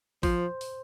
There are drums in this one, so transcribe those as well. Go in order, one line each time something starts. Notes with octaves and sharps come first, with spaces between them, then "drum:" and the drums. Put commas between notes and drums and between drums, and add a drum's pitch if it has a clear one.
F3 C5, drum: kick, open hi-hat
drum: open hi-hat